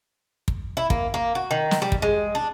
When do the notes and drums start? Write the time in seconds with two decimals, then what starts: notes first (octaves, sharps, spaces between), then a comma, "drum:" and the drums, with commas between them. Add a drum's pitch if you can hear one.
0.48 drum: kick
0.77 E4
0.90 A#3, drum: kick
1.14 A#3
1.35 F#4
1.51 D#3
1.71 drum: snare
1.82 G3
1.92 drum: kick
2.02 G#3
2.35 D4